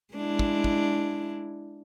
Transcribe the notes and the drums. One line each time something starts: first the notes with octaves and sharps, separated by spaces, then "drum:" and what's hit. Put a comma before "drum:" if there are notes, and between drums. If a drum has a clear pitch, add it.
G#3 D4 E4
drum: kick
drum: kick